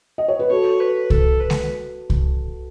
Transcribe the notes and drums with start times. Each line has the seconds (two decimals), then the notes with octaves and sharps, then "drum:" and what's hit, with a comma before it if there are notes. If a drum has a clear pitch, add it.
0.18 D#5
0.28 C#5
0.39 B4
0.50 F#4 A4 C#5
0.80 B4
1.10 A4, drum: kick C2
1.40 B4
1.50 drum: snare G#3
2.10 drum: kick C2